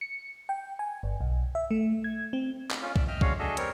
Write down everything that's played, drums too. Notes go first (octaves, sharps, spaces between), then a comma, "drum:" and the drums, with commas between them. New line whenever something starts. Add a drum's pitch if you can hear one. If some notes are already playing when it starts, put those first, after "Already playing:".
C#7
G5
G#5
G1
B1
E5
A3
G#6
C4
drum: clap
C#4 F4
D5 E5, drum: kick
D#5 E5 G5 F6
G#3 C#4 D4 F#4 C#5 F5, drum: kick
D4 F#4 G#4 A4 D#5 E5
G3 B3 C4 A#4 C#5, drum: hi-hat